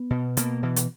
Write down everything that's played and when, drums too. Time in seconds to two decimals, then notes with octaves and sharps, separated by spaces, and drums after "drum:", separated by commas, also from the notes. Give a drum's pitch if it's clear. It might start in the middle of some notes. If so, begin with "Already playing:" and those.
Already playing: B3
0.10 B2
0.37 B2 A#3, drum: hi-hat
0.63 B2 E3
0.76 drum: hi-hat